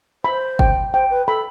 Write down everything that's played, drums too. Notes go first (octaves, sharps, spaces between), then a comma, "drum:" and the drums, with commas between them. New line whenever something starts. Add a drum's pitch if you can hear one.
C5 B5
G5, drum: kick G1
C5 G5
B4
A4 B5